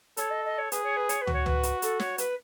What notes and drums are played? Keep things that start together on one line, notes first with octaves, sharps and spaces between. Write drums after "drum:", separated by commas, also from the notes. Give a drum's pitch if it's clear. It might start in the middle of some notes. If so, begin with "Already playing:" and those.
A4 C#5, drum: hi-hat
D#5
D#5
C#5
G#4 B4, drum: hi-hat
C#5
B4
C#5, drum: hi-hat
B4
F#4, drum: tom
C#5
B4, drum: tom
drum: hi-hat
A4, drum: hi-hat
C#5, drum: snare
B4, drum: hi-hat